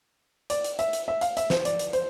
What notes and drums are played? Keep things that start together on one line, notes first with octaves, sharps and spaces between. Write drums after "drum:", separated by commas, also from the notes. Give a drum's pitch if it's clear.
D5, drum: hi-hat
drum: hi-hat
E5, drum: hi-hat
drum: hi-hat
E5
F5, drum: hi-hat
E5, drum: hi-hat
C5, drum: snare
D5, drum: hi-hat
drum: hi-hat
C5, drum: hi-hat